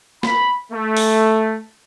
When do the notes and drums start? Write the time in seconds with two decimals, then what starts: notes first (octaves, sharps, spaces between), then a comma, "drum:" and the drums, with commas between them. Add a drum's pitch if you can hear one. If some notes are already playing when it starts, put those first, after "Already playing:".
0.23 B5, drum: snare
0.73 A3
0.97 drum: open hi-hat